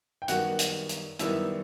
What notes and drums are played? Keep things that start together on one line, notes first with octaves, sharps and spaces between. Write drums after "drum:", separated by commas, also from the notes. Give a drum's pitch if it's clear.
G5
F#2 D#3 G3 B3 F#4 F#5, drum: hi-hat
drum: hi-hat
drum: hi-hat
F#2 D#3 G3 B3 E4 E5, drum: hi-hat